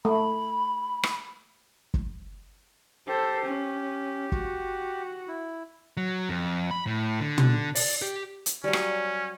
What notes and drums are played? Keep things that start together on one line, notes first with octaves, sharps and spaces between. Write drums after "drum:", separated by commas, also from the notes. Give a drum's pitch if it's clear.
A3 B5
drum: rim click
drum: kick
G4 A4 C5
C#4
F#4, drum: kick
E4
F#3
F2
B5
A2
D3
drum: tom
D5, drum: open hi-hat
G4
drum: hi-hat
F#3 G3 C#4
drum: rim click